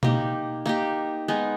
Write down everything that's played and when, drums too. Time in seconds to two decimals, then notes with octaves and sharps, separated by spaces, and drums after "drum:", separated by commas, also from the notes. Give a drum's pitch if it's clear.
0.03 A#3 D#4 G4, drum: tom B2
0.66 A#3 D#4 G4
1.28 G#3 B3 D#4